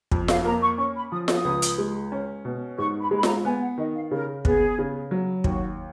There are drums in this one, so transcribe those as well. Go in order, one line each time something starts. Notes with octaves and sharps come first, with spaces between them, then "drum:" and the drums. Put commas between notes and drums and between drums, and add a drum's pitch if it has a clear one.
F2, drum: kick
F5, drum: snare F4
A#3 A#5
C#6
C#4 C#6
B5
F3 D#6
D#6, drum: snare F4
C#2
drum: hi-hat
G#3
C#4
B2
G#2 C#6
B5
G#3 B5
A#5, drum: snare F4
B3 G#5
F#5
D#3 D#5
F5
C#3 A#4
B3 G#4, drum: kick
C#3
F#3
D#2 F#4, drum: kick